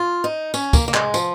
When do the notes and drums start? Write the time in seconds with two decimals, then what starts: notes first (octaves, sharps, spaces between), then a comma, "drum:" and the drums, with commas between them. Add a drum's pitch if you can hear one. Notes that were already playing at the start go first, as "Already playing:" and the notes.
Already playing: F4
0.24 D#4
0.54 C#4, drum: tambourine
0.73 A#3, drum: kick, tambourine
0.88 A#3
0.94 G#3, drum: clap
1.14 F3, drum: tambourine